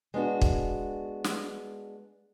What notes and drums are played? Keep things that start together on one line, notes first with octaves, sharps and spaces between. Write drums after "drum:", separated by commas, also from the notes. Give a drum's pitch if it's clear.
G#3 B3 D4 F#4
drum: kick
drum: snare